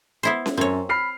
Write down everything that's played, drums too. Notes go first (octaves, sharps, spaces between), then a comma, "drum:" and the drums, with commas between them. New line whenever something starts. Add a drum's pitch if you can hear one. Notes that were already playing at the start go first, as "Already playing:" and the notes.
B3 E4 C5
drum: snare C#4
F#2 C4 C#5
B5 F6 C7